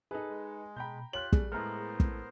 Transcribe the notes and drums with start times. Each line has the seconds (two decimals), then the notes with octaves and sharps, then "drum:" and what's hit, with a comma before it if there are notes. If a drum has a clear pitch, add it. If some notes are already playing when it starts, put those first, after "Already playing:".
0.11 D#4 G#4 A4 B4
0.29 G#3
0.76 B2 G5 A#5 B5 G6
1.13 F4 G4 C#5 F#6 F#7
1.33 G3 A3 G#4, drum: kick
1.52 A2 G#3 A3 B3 A#4 C5 A#5 F6
2.00 drum: kick